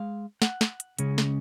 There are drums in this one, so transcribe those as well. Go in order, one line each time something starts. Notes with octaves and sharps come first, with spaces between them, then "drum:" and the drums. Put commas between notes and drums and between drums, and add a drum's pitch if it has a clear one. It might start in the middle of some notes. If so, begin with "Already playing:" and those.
Already playing: G#3 F5
F#5, drum: snare
drum: snare
drum: hi-hat
C#2 C#3 G#3 C#4, drum: hi-hat
drum: snare